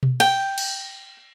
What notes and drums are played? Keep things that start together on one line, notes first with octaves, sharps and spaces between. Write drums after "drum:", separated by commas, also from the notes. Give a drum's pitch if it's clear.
drum: tom B2
G5, drum: cymbal
drum: cymbal